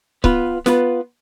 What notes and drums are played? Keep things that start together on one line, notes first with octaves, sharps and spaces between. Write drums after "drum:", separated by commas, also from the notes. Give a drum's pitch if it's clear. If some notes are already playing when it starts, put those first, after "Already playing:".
B3 F4 B4, drum: kick C#1
B3 F4 B4, drum: snare